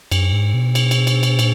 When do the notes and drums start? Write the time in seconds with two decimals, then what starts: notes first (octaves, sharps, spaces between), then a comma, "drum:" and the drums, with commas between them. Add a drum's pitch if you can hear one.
0.11 F#2, drum: cymbal
0.32 G#2
0.54 B2
0.75 drum: cymbal
0.91 drum: cymbal
1.07 drum: cymbal
1.23 drum: cymbal
1.39 A#2, drum: cymbal